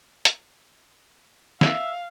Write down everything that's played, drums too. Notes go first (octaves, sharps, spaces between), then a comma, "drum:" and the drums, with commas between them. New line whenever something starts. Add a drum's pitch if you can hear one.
drum: hi-hat
E5 F5, drum: snare